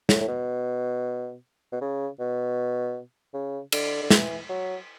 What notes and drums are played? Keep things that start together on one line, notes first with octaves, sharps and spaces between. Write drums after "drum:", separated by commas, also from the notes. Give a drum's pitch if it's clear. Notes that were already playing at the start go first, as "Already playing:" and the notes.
A2, drum: snare
A2
B2
B2
C#3
B2
C#3
D3, drum: cymbal
D3
E3, drum: snare
F#3